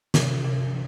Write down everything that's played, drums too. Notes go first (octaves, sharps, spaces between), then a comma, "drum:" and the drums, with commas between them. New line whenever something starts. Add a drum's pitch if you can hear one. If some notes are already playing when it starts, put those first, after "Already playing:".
C3, drum: snare
C3